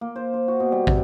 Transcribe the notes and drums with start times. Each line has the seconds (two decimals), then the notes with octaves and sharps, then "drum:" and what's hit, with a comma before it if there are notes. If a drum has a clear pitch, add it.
0.01 A#3
0.16 C5
0.34 C5
0.48 F#4
0.60 B2
0.72 G3
0.87 C3, drum: kick